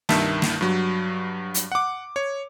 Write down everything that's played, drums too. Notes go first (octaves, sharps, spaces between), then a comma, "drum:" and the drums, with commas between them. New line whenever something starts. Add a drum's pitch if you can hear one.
C2 G2 D#3 E5 A5, drum: snare
drum: snare
G2 F#3
drum: hi-hat
F#5 D6
C#5